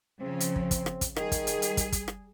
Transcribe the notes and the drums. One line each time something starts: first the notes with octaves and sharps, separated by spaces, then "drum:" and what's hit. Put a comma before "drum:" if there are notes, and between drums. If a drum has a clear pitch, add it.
C#3 F3 C4
drum: hi-hat
drum: kick
drum: kick, hi-hat
drum: rim click
drum: kick, hi-hat
D#3 G3 G#4, drum: rim click
drum: kick, hi-hat
drum: hi-hat
drum: hi-hat
drum: kick, hi-hat
drum: kick, hi-hat
drum: rim click